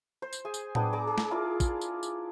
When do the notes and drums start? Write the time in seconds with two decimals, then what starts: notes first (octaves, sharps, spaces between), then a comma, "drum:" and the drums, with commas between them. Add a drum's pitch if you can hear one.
0.22 C5
0.33 drum: tambourine
0.45 G#4 G#5
0.54 drum: tambourine
0.75 B3 D4 G#4 G5, drum: tom A2
0.93 G#4 D5 A#5 D6
1.07 G#4
1.18 drum: snare
1.31 E4 F4 A#4 D5
1.60 drum: kick, tambourine
1.81 drum: tambourine
2.03 drum: tambourine